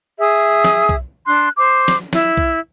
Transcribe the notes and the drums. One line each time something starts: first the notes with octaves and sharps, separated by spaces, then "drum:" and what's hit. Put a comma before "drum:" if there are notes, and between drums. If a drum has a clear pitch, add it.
G#4 E5 D#6
drum: snare
drum: kick B1
D4 C6 F#6
C5 D6
drum: snare
E4, drum: snare
drum: kick B1